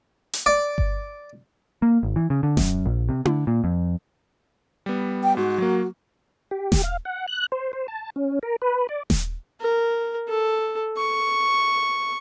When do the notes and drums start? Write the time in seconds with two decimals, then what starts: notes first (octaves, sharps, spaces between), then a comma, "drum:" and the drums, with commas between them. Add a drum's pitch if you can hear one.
0.33 drum: hi-hat
0.46 D5
0.78 drum: kick G1
1.82 A#3
2.03 G#1
2.16 E3
2.30 C#3
2.43 D3
2.57 F#2, drum: snare D#1
2.86 A#1
3.09 C3
3.25 D3, drum: tom E4
3.47 A#2
3.64 F2
4.86 G3 B3
5.23 G5
5.37 G#2 F#4
5.58 F#3 A#3
6.51 G4
6.72 drum: snare D#1
6.83 F5
7.05 F#5
7.28 F#6
7.52 C5
7.73 C5
7.88 A5
8.16 C#4
8.43 A#4
8.62 B4
8.89 D5
9.10 drum: snare D#1
9.61 A#4
10.29 A4
10.97 C#6